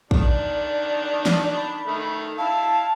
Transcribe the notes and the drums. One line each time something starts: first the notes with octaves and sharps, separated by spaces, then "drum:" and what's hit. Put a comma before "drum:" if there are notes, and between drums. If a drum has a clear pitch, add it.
D#3 D4 D5, drum: kick
drum: snare
B5
D#3 A3
E4 F5 A5